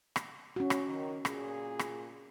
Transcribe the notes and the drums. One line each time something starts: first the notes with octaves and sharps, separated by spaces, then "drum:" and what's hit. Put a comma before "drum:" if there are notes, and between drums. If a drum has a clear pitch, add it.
drum: rim click
C#4 F#4
drum: rim click
D#3
A#2 G#4, drum: rim click
drum: rim click